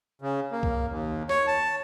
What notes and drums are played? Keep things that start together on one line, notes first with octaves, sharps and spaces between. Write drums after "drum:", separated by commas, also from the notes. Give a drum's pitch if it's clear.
C#3
A#3
drum: kick C2
D#2
C#5, drum: snare
A5